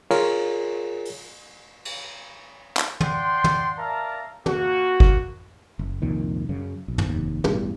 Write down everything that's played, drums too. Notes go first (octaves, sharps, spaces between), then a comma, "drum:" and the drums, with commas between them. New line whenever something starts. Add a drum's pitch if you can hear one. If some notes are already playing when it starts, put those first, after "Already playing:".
F4 G#4 A#4 C#5, drum: cymbal
drum: open hi-hat
drum: cymbal
drum: clap
D5 F#5 G5 C6, drum: tom
drum: tom
A#4 D5 E5 F5 A5 A#5
A#3 F#4, drum: tom
drum: kick
F#1
C2 F2 A#2 D#3
F#2 C#3
B1
drum: tom
F1 D#2
E1 A1 E2 G2, drum: tom